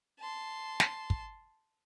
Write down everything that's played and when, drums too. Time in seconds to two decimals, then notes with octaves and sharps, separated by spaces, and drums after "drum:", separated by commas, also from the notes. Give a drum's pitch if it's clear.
0.19 A5 C6
0.80 drum: snare
1.10 drum: kick